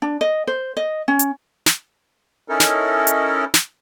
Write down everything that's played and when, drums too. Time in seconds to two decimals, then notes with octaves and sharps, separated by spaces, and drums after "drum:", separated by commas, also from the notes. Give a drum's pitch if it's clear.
0.02 D4
0.21 D#5
0.47 C5
0.77 D#5
1.08 C#4
1.19 drum: hi-hat
1.66 drum: snare
2.48 C#4 D#4 E4 A4 A#4
2.60 drum: snare
3.07 drum: hi-hat
3.54 drum: snare